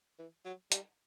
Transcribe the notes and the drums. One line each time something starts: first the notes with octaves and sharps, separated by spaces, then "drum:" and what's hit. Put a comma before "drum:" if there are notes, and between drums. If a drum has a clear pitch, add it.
E3
F#3
G3, drum: hi-hat